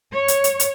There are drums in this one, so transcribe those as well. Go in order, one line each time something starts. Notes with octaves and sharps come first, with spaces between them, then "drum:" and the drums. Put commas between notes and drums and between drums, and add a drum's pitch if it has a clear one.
C#5
drum: hi-hat
drum: hi-hat
drum: hi-hat